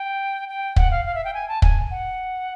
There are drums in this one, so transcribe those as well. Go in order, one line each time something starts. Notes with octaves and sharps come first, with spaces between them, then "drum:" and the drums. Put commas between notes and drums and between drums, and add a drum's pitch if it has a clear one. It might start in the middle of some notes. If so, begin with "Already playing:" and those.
Already playing: G5
G5
F#5, drum: kick
F5
F5
E5
G5
G#5
A5
G#5, drum: kick
F#5